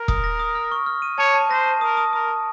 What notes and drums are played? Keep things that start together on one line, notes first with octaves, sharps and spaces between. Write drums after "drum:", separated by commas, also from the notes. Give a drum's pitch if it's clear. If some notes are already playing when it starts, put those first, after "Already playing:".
Already playing: A#4
D#6, drum: kick E1
A#6
D#6
F6
C#6
F6
D#7
C#5 A5
A5
C5 A#6
A5
A#4 D#6
D#6
A#4 D#6
D#6